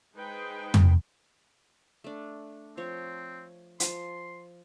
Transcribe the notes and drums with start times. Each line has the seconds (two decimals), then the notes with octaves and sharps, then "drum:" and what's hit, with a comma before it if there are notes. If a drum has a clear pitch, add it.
0.15 G#3 D#4 G#4 B4 C5 G5
0.74 drum: tom
2.04 A3 D4
2.77 F3 C4 C#5
3.80 F3 C6, drum: hi-hat